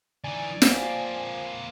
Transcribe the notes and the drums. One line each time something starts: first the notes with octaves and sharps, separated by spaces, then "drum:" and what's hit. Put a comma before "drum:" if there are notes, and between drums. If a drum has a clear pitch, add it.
E3 D#4 D5 G#5
F3 A#3 C4, drum: snare